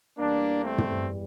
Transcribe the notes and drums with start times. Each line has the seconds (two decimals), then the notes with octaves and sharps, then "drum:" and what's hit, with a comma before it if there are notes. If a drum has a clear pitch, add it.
0.18 E2 E3 G3 A#3 D4
0.63 A3 C4
0.78 drum: tom